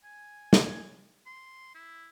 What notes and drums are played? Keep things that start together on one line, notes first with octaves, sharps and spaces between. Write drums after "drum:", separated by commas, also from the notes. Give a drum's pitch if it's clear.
G#5
drum: snare
C6
E4